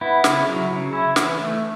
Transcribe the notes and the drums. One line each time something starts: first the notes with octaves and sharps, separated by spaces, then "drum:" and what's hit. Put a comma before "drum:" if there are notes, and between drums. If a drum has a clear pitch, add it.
B3 E4
C#3, drum: snare
F#3
C#3
C#4 E4
E3, drum: snare
A3